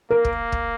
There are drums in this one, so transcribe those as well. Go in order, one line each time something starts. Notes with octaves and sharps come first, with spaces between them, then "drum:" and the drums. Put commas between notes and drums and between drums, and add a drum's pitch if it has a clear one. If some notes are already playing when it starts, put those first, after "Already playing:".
A#3 A#4
drum: kick
drum: kick